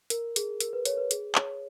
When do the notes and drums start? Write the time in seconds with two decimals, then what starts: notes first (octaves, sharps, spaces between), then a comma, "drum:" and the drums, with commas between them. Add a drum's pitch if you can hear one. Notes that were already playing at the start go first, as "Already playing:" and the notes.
0.10 A#4, drum: hi-hat
0.36 G#4, drum: hi-hat
0.60 A#4, drum: hi-hat
0.73 B4
0.85 C#5, drum: hi-hat
0.97 B4
1.11 G#4, drum: hi-hat
1.35 C#5, drum: clap